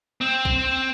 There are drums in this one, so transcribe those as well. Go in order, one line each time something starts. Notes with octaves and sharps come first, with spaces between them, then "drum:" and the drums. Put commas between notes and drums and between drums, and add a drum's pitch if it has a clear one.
C4
drum: kick A#1